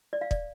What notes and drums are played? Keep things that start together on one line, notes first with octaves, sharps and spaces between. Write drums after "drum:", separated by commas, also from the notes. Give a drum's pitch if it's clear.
D5
F5
D5, drum: kick